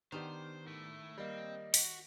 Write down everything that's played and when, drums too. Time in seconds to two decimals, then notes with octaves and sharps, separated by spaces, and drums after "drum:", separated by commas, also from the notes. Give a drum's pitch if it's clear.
0.12 D#3 B3 D4 G4 C5
0.68 A3 E4
1.18 G3 A#3 C4 D#5
1.74 F#4 B6, drum: open hi-hat